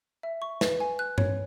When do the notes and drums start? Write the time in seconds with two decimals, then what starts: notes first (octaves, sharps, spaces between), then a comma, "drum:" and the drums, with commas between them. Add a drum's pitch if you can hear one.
0.23 E5
0.42 C#6
0.61 B4, drum: snare
0.80 G#5
0.99 F#6
1.18 C#5, drum: tom G2